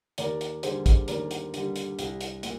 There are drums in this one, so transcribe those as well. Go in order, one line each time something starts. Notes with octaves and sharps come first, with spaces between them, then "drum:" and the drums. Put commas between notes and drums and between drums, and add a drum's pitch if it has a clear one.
D#2 A#4 D5, drum: hi-hat
drum: hi-hat
D3 G3 G#4 C5, drum: hi-hat
drum: kick, hi-hat
D#2 A#4 D5, drum: hi-hat
drum: hi-hat
D3 G3, drum: hi-hat
drum: hi-hat
C2, drum: hi-hat
drum: hi-hat
A#2, drum: hi-hat